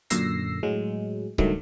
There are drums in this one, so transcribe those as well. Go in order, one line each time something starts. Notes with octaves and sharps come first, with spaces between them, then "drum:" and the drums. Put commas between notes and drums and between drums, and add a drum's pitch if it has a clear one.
F#2 A#2 D3 E6 A#6 C7, drum: hi-hat
A2 F#3 G#3
C#2 G2 D#3 F#3 A3, drum: kick C#1